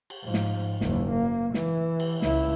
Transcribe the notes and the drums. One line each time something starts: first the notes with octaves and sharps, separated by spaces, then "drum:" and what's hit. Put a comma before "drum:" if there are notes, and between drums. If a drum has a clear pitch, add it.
drum: cymbal
G#2 F3
drum: snare
F#1 D#2, drum: snare
A#3
E3, drum: snare
drum: cymbal
C#2 E4, drum: snare